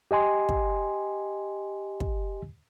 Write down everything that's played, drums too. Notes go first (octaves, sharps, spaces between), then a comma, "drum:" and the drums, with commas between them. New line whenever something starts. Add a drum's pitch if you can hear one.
G4 D#5 G#5 C6
drum: kick
drum: kick